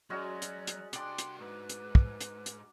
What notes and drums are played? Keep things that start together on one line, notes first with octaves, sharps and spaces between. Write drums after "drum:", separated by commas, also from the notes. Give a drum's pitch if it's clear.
F#3 G#3 C#4 F#4 D5
drum: hi-hat
drum: hi-hat
C2 D4 D5 G5 C6, drum: hi-hat
drum: hi-hat
G#2 B4
drum: hi-hat
drum: kick
drum: hi-hat
drum: hi-hat